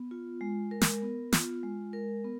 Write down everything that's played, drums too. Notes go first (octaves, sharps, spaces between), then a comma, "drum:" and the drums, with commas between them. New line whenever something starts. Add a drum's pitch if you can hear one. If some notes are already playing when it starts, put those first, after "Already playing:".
Already playing: B3
F4
G#3
A#4
drum: snare
B3
F4, drum: snare
G#3
A#4
B3